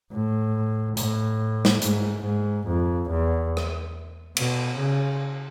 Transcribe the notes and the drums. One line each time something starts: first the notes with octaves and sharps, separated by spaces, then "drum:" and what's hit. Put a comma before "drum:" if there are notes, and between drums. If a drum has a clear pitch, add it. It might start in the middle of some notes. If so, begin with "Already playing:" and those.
A2
A2, drum: hi-hat
drum: snare
G#2, drum: hi-hat
G#2
F2
E2
drum: rim click
B2, drum: cymbal
C#3